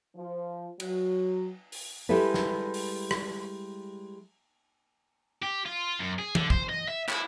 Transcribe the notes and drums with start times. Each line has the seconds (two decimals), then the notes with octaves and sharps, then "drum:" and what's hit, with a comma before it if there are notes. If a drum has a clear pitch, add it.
0.15 F3
0.80 F#3, drum: cymbal
1.72 drum: open hi-hat
2.09 G3 G#3 E4 A4 B4
2.34 drum: snare
2.74 drum: open hi-hat
3.11 drum: rim click
5.42 G4
5.66 F4
5.99 F#2
6.19 G#4
6.35 D3, drum: tom
6.50 C5, drum: kick
6.69 D#5
6.88 E5
7.09 E4, drum: clap